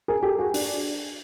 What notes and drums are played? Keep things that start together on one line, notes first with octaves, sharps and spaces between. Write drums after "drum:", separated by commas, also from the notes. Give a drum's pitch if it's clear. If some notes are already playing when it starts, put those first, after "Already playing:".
G#4 A#4
G4 A4
F#4 G#4
D4, drum: open hi-hat